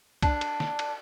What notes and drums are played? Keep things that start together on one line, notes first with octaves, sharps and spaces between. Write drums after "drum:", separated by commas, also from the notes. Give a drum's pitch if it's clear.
D4, drum: kick, cymbal
drum: cymbal
drum: snare
drum: cymbal